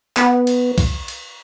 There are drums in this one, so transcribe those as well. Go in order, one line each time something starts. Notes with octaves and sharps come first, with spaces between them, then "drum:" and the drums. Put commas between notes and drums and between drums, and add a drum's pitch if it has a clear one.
B3, drum: clap
drum: cymbal
drum: kick B1, cymbal
drum: cymbal